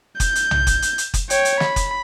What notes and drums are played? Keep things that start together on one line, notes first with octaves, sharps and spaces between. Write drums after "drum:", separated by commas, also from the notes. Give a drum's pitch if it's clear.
G6, drum: kick F#1, hi-hat
drum: hi-hat
drum: tom B1
drum: kick F#1, hi-hat
drum: hi-hat
drum: hi-hat
drum: kick F#1, hi-hat
C#5 G5, drum: hi-hat
drum: hi-hat
B5, drum: snare
drum: kick F#1, hi-hat